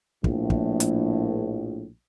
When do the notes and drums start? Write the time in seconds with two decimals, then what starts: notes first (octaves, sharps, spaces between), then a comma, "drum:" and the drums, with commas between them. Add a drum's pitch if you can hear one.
0.24 A#1 A2, drum: kick
0.50 drum: kick
0.80 drum: hi-hat